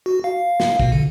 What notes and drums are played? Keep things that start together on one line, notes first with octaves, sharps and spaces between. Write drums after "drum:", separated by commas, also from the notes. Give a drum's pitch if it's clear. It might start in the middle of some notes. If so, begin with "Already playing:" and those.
F#4
F5
drum: snare
B2, drum: kick
D3